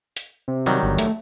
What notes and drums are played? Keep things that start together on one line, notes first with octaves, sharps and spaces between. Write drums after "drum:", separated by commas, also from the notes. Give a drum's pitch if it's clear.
drum: hi-hat
C3
D#3 F#3 G3
G1
A3, drum: hi-hat